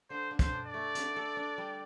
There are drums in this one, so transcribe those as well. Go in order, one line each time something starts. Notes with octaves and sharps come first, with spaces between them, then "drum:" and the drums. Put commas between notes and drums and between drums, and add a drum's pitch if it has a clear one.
D3 C5
D3
C5, drum: kick, hi-hat
D4
D5
A3
D3, drum: hi-hat
A4
D4
G3